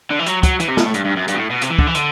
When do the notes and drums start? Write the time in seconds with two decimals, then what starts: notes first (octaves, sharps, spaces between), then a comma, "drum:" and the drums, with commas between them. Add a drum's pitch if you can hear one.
0.10 D3
0.19 E3
0.26 F#3, drum: hi-hat
0.43 F#3, drum: kick, hi-hat
0.60 E3, drum: hi-hat
0.69 C3
0.77 B2, drum: snare
0.86 A2
0.94 G2, drum: hi-hat
1.05 G2
1.16 F#2
1.28 G2, drum: hi-hat
1.34 B2
1.38 A2
1.50 B2
1.62 C3, drum: hi-hat
1.70 E3
1.79 D3, drum: kick
1.87 E3
1.95 D3, drum: hi-hat